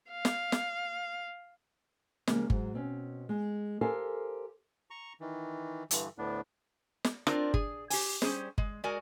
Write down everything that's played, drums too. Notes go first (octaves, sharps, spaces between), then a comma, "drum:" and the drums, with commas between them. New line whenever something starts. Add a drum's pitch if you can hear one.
F5
drum: snare
drum: snare
C#3 F3 G3 G#3 A#3, drum: snare
G#2 F#3, drum: kick G1
B2 C4 C#4
G#3
G4 A4 A#4 C5 F5 G#5
A#5 C#6
D#3 E3
G2 D3 E3, drum: hi-hat
D2 A2 B3 D4
drum: snare
C4 D4 F4 A#4 C5 D5, drum: rim click
G#4, drum: kick G1
G4 G#5, drum: open hi-hat
G3 C#4 G#4 C5, drum: snare
G#3, drum: kick G1
G#3 F#4 A#4 D5 G#5